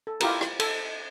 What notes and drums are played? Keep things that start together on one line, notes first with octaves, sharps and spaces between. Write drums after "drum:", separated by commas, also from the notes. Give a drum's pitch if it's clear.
A4
E4 F4 G4 A#4, drum: cymbal
drum: rim click
A4, drum: cymbal